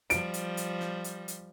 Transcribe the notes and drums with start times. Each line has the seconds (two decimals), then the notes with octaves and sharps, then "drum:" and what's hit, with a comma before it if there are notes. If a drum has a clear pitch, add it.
0.10 F3 G3 D7, drum: hi-hat
0.34 drum: hi-hat
0.57 drum: hi-hat
0.81 drum: snare
1.04 drum: hi-hat
1.28 drum: hi-hat